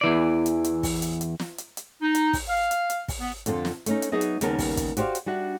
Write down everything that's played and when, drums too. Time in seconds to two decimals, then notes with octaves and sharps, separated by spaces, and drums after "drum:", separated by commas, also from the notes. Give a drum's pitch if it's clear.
0.01 E2 E3 D5
0.46 drum: hi-hat
0.64 drum: hi-hat
0.83 drum: kick, open hi-hat
1.02 drum: hi-hat
1.21 drum: hi-hat
1.40 drum: snare
1.58 drum: hi-hat
1.77 drum: hi-hat
2.02 D#4
2.15 drum: hi-hat
2.33 drum: kick, open hi-hat
2.48 F5
2.71 drum: hi-hat
2.90 drum: hi-hat
3.08 drum: kick, open hi-hat
3.20 B3
3.46 F2 D3 F4 A4, drum: hi-hat
3.65 drum: snare
3.86 A3 C#4 D#4, drum: hi-hat
4.02 drum: hi-hat
4.12 F#3 B3 D#4 G#4 D#5 E5
4.21 drum: hi-hat
4.41 D#2 C#3 G3 B3 A#4 A5, drum: hi-hat
4.59 drum: kick, open hi-hat
4.77 drum: kick, hi-hat
4.97 F#4 G4 C5 D5 F5, drum: hi-hat
5.15 drum: hi-hat
5.26 G3 D4 F#4 E5